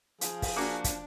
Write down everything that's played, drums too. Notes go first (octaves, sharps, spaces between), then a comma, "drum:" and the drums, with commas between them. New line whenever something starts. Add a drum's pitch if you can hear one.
F3 G#4 F5, drum: hi-hat
drum: kick, open hi-hat
A#3 D4 F#4 D6
drum: kick, hi-hat